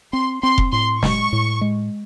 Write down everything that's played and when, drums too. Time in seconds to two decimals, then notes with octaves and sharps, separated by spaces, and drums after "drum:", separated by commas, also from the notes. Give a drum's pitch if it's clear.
0.13 C4 C6
0.43 C4 C6
0.58 drum: kick F1
0.72 A2 C6
1.03 G#3 C#6, drum: snare
1.33 A2
1.61 G#3